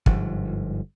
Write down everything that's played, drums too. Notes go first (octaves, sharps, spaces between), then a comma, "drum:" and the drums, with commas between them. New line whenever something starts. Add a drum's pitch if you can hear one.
G1 G#2 F3, drum: kick